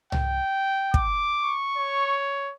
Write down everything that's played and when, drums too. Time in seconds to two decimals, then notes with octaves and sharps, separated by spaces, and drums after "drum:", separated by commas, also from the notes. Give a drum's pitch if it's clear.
0.12 G5, drum: tom C2
0.94 D6, drum: kick
1.43 C#6
1.77 C#5